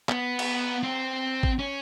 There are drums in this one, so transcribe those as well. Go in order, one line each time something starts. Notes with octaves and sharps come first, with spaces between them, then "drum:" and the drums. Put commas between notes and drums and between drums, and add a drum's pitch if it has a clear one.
B3, drum: clap
drum: cymbal
C4
drum: kick G#1
C#4